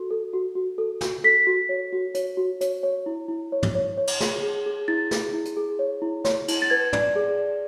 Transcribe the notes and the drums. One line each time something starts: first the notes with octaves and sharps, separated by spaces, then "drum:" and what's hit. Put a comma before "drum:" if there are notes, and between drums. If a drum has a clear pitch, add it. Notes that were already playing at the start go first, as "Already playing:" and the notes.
Already playing: F#4 A4
A4
F#4
F#4
A4
F#4, drum: snare
A4 B6
F#4
C#5
F#4
C#5, drum: hi-hat
F#4
C#5, drum: hi-hat
C#5
E4
E4
C#5
drum: tom
C#5
C#5
drum: cymbal
G#4, drum: snare
G#4
G#4
E4 A6
G#4, drum: snare
E4
drum: hi-hat
G#4
C#5
E4
C#5, drum: snare
E4, drum: cymbal
A6
B4 G#6
D5, drum: tom
G#4
D5